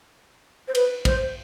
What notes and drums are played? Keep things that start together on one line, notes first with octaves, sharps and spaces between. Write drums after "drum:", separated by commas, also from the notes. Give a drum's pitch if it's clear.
C5
B4, drum: cymbal
C5, drum: kick, cymbal